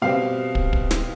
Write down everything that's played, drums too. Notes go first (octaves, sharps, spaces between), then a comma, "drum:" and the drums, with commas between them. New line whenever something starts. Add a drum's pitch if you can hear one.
B2 G3 C4 F5
drum: kick
drum: kick
drum: snare